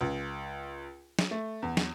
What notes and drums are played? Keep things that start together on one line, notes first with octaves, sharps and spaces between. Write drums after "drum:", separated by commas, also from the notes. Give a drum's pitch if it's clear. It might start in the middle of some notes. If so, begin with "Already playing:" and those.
C#2
drum: snare
A3
E2
drum: snare